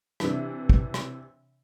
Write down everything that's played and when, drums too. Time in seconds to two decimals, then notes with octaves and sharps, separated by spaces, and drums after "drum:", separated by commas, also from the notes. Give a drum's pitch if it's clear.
0.20 C3 E3 D4, drum: rim click
0.69 drum: kick
0.94 drum: rim click